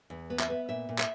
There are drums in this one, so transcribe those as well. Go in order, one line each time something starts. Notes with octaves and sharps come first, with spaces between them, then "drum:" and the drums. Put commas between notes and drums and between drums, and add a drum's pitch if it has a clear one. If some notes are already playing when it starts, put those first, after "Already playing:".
E2
B3
E5, drum: clap
B3
A#2 E5
A#2
E5, drum: clap